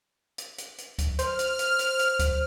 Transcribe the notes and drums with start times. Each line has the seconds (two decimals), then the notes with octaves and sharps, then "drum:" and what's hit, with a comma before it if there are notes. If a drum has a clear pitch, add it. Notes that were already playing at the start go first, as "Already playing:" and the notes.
0.38 drum: hi-hat
0.58 drum: hi-hat
0.78 drum: hi-hat
0.99 drum: kick C#2, hi-hat
1.19 C5 F6, drum: hi-hat
1.39 drum: hi-hat
1.59 drum: hi-hat
1.79 drum: hi-hat
1.99 drum: hi-hat
2.19 drum: kick C#2, hi-hat